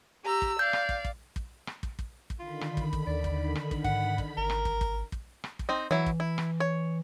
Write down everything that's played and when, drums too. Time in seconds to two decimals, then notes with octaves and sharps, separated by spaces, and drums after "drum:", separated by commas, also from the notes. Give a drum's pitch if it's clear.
0.25 G4 A#5 E6
0.42 drum: kick
0.59 D5 F5 G6
0.73 drum: rim click
0.89 drum: kick
1.05 drum: kick
1.36 drum: kick
1.67 drum: rim click
1.83 drum: kick
1.99 drum: kick
2.30 drum: kick
2.39 D3 D#3 F4 B5
2.61 drum: rim click
2.77 drum: kick
2.93 drum: kick
3.07 D#2 D5
3.24 drum: kick
3.55 drum: rim click
3.71 drum: kick
3.84 G#2 F#5, drum: kick
4.18 drum: kick
4.37 G#1 A#4
4.50 drum: rim click
4.65 drum: kick
4.81 drum: kick
5.12 drum: kick
5.44 drum: rim click
5.59 drum: kick
5.69 C4 D#4
5.91 E3 F#3 E4
6.06 drum: kick
6.20 E4
6.38 drum: rim click
6.60 C#5